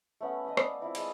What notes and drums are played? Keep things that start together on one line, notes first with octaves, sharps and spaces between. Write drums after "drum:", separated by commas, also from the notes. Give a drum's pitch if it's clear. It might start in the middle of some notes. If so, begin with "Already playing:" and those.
A3 B3 C#4 F#5
D#5 B5 D#6
D5 F5, drum: rim click
C4 E4 F4
G#3 F5, drum: cymbal